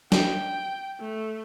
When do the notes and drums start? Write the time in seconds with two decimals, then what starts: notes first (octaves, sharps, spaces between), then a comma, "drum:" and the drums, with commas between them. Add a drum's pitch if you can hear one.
0.12 G5, drum: snare
1.00 A3